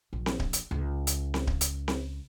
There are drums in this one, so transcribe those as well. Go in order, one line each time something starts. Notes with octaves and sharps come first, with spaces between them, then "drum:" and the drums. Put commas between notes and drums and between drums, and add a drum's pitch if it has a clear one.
A#1
drum: snare C4
drum: kick D1
drum: hi-hat
C#2
drum: hi-hat
drum: snare C4
drum: kick D1
drum: hi-hat
drum: snare C4